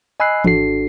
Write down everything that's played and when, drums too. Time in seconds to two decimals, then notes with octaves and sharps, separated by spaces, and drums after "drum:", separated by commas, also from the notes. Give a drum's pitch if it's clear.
0.20 D#5 G#5 B5 E6 F#6 C7
0.44 G#1 D4 F#4 A4 C7, drum: tom E3